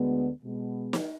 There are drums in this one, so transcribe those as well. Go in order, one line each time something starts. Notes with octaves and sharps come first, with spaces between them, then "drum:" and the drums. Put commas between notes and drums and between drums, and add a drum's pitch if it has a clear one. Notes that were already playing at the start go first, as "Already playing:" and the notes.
Already playing: D2 D3 G#3 B3
B2 G#3 B3
drum: snare